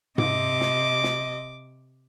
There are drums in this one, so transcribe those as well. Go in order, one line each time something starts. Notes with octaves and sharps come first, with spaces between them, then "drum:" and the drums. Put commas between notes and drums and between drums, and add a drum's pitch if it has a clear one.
C3 D#5 D6, drum: tom G#2
drum: snare
drum: snare